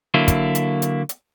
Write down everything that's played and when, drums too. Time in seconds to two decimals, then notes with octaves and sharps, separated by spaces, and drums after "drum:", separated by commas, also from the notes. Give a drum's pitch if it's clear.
0.14 D3 F#3 A#3 E4
0.28 drum: kick, hi-hat
0.55 drum: hi-hat
0.82 drum: hi-hat
1.09 drum: hi-hat